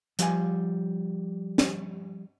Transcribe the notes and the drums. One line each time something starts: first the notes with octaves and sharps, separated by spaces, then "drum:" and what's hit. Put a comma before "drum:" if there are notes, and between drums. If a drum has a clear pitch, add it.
F3 G3 F5 G#5, drum: hi-hat
drum: snare